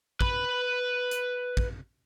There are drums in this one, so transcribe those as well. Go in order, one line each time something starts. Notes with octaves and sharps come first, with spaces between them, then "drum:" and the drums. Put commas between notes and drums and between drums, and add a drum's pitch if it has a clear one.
B4 B5, drum: kick
drum: hi-hat
drum: kick